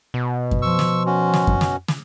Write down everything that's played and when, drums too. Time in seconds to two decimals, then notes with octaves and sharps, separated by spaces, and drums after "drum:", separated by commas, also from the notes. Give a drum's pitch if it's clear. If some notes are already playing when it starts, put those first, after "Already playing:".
0.14 B2
0.51 drum: kick F#2
0.62 F3 C#6 E6
0.79 drum: snare
1.06 C#4 F#4
1.34 drum: snare
1.47 drum: kick F#2
1.61 drum: snare
1.88 drum: snare